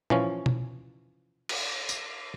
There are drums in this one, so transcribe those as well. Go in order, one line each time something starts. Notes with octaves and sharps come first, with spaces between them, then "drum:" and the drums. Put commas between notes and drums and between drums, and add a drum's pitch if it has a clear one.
E3 F3 C#4, drum: tom A#2
drum: tom B2
drum: cymbal
drum: tambourine